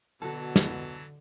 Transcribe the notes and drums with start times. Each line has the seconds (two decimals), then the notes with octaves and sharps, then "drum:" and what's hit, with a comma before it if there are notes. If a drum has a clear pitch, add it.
0.22 B2 D3 E3 F#3 F#4 A4 A5
0.56 drum: snare